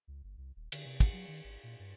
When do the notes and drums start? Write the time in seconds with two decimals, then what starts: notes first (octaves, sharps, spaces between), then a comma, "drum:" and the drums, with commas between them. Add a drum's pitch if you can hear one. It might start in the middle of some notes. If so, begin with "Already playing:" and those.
0.08 C#2
0.24 G1
0.37 C2
0.56 D#1
0.72 D3, drum: cymbal
0.85 C3
1.00 D#2, drum: kick, cymbal
1.13 F#3
1.28 D#3
1.44 G#1
1.63 A#2
1.79 G2